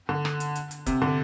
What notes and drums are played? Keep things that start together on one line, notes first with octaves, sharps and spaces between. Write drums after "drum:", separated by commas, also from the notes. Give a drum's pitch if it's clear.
D3
drum: rim click
drum: hi-hat
drum: hi-hat
drum: hi-hat
C3, drum: kick, hi-hat
D3